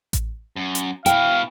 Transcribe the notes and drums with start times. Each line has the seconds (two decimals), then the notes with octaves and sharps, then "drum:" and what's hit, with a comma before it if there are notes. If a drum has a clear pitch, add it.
0.13 drum: kick A1, hi-hat
0.56 F#2
0.75 drum: hi-hat
1.06 B2 E4 F5 G5, drum: hi-hat